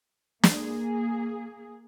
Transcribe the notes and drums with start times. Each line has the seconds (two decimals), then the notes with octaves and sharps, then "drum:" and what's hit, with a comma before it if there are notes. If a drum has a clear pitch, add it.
0.44 A#3 G#4, drum: snare